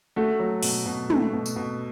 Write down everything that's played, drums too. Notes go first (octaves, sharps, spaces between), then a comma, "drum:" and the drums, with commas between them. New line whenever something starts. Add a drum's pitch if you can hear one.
A3 F#4 A4
F#3
B2, drum: open hi-hat
B2
A3, drum: tom
B2
drum: tambourine
B2